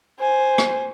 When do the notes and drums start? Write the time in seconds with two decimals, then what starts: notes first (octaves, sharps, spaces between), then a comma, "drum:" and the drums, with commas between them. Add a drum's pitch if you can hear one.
0.20 C5 G#5
0.58 drum: rim click